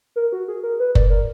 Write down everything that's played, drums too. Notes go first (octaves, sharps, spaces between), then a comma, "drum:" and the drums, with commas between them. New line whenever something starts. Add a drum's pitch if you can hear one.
A#4
F#4
G#4
A#4
B4
D5, drum: kick F#1
A#4